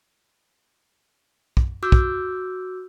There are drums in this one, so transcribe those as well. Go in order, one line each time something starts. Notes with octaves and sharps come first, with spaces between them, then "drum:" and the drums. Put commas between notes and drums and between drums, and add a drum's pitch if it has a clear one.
drum: kick
F#4 D6 E6 F6 G6
drum: kick